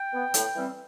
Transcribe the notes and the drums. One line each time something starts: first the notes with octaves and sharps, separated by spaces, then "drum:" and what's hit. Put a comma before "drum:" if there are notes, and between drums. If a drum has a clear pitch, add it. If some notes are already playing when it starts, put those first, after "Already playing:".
Already playing: G5
B3
A2, drum: hi-hat
E3 G3 C4